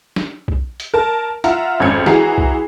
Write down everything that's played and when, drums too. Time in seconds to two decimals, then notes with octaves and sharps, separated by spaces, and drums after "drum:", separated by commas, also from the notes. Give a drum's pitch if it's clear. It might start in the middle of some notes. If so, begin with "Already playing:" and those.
0.16 drum: snare
0.48 drum: kick
0.80 drum: hi-hat
0.94 A#4 A5
1.44 F4 E5 F#5 A#5, drum: hi-hat
1.80 G#1 F2 C#4 G#6 C#7
2.06 E3 F#4 G#4 A#5 C7, drum: snare
2.38 drum: kick